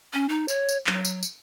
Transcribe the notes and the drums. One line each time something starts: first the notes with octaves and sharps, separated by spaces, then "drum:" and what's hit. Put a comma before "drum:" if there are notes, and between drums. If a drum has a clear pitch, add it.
C#4
D#4
C#5, drum: tambourine
drum: tambourine
F#3, drum: clap
drum: tambourine
drum: tambourine